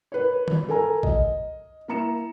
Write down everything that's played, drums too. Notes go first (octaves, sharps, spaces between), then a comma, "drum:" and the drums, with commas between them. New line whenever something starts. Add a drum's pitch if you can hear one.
A#4 B4 C#5
drum: tom D#3
A4 A#4 G#5 A#5
D#5, drum: kick
A#3 E4 A#5 C#7 E7